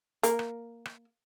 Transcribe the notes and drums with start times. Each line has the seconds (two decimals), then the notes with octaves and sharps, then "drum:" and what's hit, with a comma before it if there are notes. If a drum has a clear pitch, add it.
0.23 A#3, drum: hi-hat
0.39 drum: rim click
0.86 drum: rim click